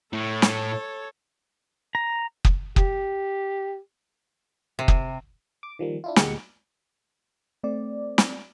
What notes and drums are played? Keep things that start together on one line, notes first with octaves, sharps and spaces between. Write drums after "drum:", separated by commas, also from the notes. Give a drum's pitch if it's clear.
A2 A4 C#5
drum: snare
A#5
drum: kick
G4, drum: kick
C3
drum: kick
D6
D#3 F3 G3 A#3
D4 E4 F4
D2 A#2 G#3 G4 F#5 C#7, drum: snare
A3 C4 D5
drum: snare